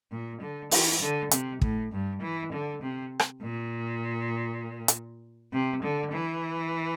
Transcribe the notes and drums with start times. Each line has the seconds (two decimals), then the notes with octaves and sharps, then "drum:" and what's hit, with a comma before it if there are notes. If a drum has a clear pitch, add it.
0.12 A#2
0.41 D3
0.71 E3, drum: open hi-hat
1.01 D3
1.31 C3, drum: hi-hat
1.61 A2, drum: kick
1.92 G2
2.22 E3
2.52 D3
2.82 C3
3.19 drum: rim click
3.42 A#2
4.88 drum: hi-hat
5.52 C3
5.83 D3
6.12 E3